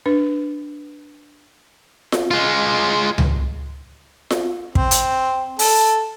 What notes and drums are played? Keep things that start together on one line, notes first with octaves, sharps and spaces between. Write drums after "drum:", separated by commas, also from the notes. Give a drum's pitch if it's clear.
D4 B4
drum: snare F4
G#3 F4
drum: tom C#2
drum: snare F4
C4, drum: kick
drum: hi-hat
A4, drum: open hi-hat